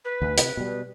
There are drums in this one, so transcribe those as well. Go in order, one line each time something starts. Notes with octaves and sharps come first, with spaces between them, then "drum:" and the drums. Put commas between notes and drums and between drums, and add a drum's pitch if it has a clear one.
B4
D2
C3, drum: hi-hat
B2 G3